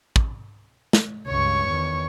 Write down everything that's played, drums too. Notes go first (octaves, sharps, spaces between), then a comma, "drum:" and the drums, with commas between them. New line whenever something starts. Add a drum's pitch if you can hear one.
drum: kick
drum: snare
C#2 G2 C#5 C#6
E2 D#3